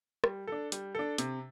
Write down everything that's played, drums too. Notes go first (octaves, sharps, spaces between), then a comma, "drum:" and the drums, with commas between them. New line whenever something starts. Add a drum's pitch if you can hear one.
G3, drum: rim click
D4 A4
G3, drum: hi-hat
D4 A4
C3, drum: hi-hat